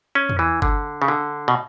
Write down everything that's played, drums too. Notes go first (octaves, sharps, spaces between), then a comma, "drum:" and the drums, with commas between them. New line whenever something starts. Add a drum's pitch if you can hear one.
C#4
drum: tom E2
E3
D3, drum: kick G1
C#3
D3
B2